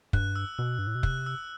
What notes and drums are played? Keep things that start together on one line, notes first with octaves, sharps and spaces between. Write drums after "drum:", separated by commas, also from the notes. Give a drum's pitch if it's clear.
G2 F#6, drum: kick
E6
B2 E6
G2
A2
B2
C3 F#6, drum: kick
E6